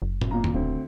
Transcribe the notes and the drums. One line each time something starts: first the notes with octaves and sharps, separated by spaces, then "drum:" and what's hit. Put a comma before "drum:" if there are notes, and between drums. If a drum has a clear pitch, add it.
F#1
drum: tom
A#2 F5 A#5
drum: tom F2
D#1 D2 C4